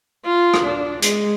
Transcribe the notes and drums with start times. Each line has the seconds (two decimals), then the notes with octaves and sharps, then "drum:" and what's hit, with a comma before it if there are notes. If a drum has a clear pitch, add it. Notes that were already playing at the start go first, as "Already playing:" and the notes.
0.25 F4
0.54 drum: rim click
0.63 D4
1.02 G#3, drum: hi-hat